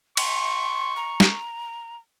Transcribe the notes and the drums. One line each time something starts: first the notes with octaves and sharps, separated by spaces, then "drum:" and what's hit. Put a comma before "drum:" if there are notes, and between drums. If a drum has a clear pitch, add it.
C6 C#6, drum: cymbal
A#5
drum: snare